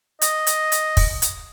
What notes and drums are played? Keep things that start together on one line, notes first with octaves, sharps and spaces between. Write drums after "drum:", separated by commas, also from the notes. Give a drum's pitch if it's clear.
D#5, drum: hi-hat
drum: hi-hat
drum: hi-hat
drum: kick, open hi-hat
drum: hi-hat